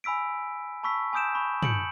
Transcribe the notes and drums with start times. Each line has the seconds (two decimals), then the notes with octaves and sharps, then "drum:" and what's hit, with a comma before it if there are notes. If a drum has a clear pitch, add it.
0.04 G#5 B5 E6 B6 D7
0.83 A5 B5 C#6 E6 B6
1.13 G#5 B5 D#6 G6 D7 E7
1.35 B5 C#6
1.62 G6 C#7 D7 F#7, drum: tom